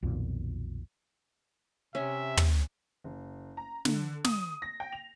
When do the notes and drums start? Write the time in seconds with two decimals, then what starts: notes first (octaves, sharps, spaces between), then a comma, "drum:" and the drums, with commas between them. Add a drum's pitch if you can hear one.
0.03 B1 F2 A#2 D#3
1.95 C3 C#4 E5
2.37 drum: tom
3.04 F#1
3.57 A#5
3.85 D3, drum: snare
4.24 D#6, drum: snare
4.62 A#6
4.80 G5
4.92 F7